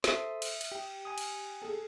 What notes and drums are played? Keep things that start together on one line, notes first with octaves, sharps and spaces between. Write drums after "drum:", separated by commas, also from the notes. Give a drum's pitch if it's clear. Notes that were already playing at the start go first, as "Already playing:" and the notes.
A4 C5 E5 D#6, drum: snare
drum: cymbal
drum: cymbal
G4
G#5 D#6
drum: cymbal
G#4 A4